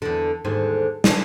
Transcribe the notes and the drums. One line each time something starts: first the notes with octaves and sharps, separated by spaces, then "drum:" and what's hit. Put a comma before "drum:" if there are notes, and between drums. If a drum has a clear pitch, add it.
E2 D3
D#2 G#2 D3
C#3 D4 G#4, drum: snare